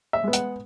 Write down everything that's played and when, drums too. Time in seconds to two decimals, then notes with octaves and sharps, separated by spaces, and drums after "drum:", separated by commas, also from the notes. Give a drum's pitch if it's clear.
0.13 E5
0.24 G#3 B3
0.33 F#5, drum: hi-hat